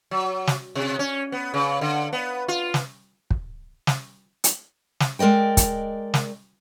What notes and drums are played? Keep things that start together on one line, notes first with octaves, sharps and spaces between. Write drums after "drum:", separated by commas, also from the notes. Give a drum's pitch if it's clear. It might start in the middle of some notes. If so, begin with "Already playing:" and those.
F#3
drum: snare
C3
C#4
B3
C#3
D3
B3
F4
drum: snare
drum: kick
drum: snare
drum: hi-hat
drum: snare
G#3 A#4 D5 D#5 G5
drum: kick, hi-hat
drum: snare